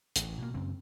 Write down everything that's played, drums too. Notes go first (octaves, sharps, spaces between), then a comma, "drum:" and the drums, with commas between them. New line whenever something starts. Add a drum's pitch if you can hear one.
A1, drum: hi-hat
B2 A#3
F#2 C#3 C4